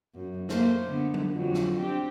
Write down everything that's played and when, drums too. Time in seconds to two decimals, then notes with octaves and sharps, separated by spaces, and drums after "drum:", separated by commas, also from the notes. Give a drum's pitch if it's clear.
0.15 F#2
0.49 A3 A#3 C5, drum: snare
0.84 D3 B3
1.14 drum: tom F#3
1.32 F2 D3 F#3
1.54 drum: snare
1.78 C4 D4 G4